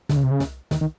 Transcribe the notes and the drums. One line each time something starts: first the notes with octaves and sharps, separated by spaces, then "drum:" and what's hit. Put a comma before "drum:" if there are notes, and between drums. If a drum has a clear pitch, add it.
D3, drum: snare
C#3
C3
C#3
drum: snare
D#3, drum: snare
D#3